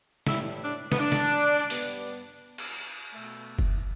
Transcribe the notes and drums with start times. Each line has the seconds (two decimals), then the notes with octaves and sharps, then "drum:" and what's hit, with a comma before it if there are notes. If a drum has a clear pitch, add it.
0.27 A2 G3 B3 E4, drum: snare
0.63 D4
0.92 B3, drum: snare
0.99 D4
1.12 drum: snare
1.70 G2 G3 B3, drum: open hi-hat
2.58 drum: cymbal
3.14 B2 A3
3.59 drum: kick F1